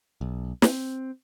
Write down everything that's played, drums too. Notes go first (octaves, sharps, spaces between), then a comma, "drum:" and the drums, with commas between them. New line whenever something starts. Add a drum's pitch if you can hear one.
B1
C4, drum: snare